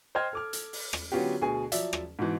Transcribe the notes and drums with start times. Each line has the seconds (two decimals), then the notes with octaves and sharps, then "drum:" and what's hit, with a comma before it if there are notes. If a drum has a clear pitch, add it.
0.15 C5 D#5 G5 C6 F6 G#6
0.33 A4 D6 F6
0.53 drum: hi-hat
0.73 drum: open hi-hat
0.93 drum: rim click
1.12 D3 F#3 B3 C#4 F4 G4
1.41 D2 B2 G#4 G#5
1.72 F3 F#3 D5 E5, drum: hi-hat
1.93 drum: rim click
2.19 G#2 B2 E3